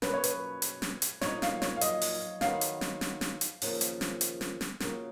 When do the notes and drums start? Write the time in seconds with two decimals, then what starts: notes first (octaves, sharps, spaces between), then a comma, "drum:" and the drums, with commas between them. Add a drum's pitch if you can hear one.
0.02 B2 A#3 C#4 B4, drum: snare
0.14 C#5
0.24 B4, drum: hi-hat
0.62 drum: hi-hat
0.82 drum: snare
1.02 drum: hi-hat
1.21 A#2 F#3 A#3 D#4 C#5, drum: snare
1.42 F5, drum: snare
1.62 C#5, drum: snare
1.77 F5
1.81 D#5, drum: hi-hat
2.01 drum: open hi-hat
2.41 D#3 F#3 B3 D#4 F5, drum: snare
2.61 drum: hi-hat
2.81 drum: snare
3.01 drum: snare
3.21 drum: snare
3.41 drum: hi-hat
3.62 D#2 C#3 F3 A#3, drum: open hi-hat
3.81 drum: hi-hat
4.01 drum: snare
4.21 drum: hi-hat
4.41 drum: snare
4.61 drum: snare
4.80 C#3 F#3 A#3 F4, drum: snare